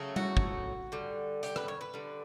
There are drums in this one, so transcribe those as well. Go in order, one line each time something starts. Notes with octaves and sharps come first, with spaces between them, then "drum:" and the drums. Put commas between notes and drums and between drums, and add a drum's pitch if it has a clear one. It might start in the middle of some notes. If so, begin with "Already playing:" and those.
Already playing: C#3 F#3 A3
F#4, drum: tom G3
drum: kick
D3 G3
G4, drum: hi-hat
B4, drum: rim click
C#5
B4
D3 G3